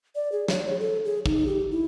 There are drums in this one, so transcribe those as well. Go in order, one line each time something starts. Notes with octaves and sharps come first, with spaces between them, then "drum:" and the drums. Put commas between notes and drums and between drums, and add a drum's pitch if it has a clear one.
D5
G#4
C#5, drum: snare
C#5
A4
G#4
D#4, drum: kick
G4
E4